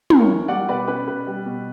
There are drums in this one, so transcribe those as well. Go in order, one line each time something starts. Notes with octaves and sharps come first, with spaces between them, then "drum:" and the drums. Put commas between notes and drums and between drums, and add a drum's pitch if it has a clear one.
B3, drum: tom
A#4 C#5
E3
G3 D5 F#5
B2 B4 D5
C#4 B4
B2 B4
G3
B2